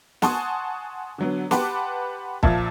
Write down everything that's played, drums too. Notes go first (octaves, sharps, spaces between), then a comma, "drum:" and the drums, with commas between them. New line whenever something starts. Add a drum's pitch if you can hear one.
F#5 G#5 A5 C6 C#6 D#6, drum: snare
D3 F#3 B3
G4 B4 F#5 A5 C6 D6, drum: snare
A#2 F3 E5 F5 A5 G#6, drum: kick